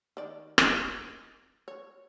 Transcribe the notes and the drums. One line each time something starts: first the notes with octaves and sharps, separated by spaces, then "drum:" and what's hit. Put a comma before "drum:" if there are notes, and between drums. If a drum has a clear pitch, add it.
D#3 D5
D#4 G4 A#4, drum: rim click
C#5